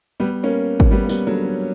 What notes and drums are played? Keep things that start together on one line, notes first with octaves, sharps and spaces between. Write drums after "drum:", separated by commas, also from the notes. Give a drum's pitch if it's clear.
G3 B3
A#3 C#4
drum: kick G#1
G3 B3
A#3
G3 B3, drum: tambourine
D3 F#3
D3